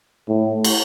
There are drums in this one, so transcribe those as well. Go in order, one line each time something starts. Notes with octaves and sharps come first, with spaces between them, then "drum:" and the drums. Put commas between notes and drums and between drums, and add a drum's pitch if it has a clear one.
A2
drum: cymbal